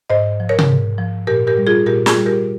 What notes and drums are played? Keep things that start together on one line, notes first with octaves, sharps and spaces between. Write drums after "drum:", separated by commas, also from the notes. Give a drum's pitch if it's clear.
G#2 C5 D#5
F3
A#4 C#5
drum: tom C3
G#2
F3
A#2 G4 A#4
G4 A#4
G3
F4 G#4
A#2 G4 A#4
F4 G#4, drum: snare
G3
G4 A#4